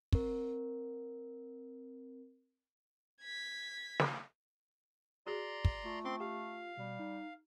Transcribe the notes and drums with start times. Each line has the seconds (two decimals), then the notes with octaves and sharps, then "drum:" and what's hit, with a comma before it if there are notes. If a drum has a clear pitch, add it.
0.12 C4 A#4, drum: kick
3.22 G#6 B6
4.00 drum: snare
5.27 F#4 G#4 D5 A#5 C6
5.65 drum: kick
5.85 A3 F4
6.05 C4 C#4 C6 D6
6.20 G4 F5
6.77 B2 G3
6.99 D#4